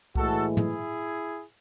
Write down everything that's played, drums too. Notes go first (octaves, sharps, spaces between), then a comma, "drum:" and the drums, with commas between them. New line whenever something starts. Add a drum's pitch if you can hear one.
A2 E3 G#3 F#4 A4, drum: kick C2
E4 G#4, drum: tom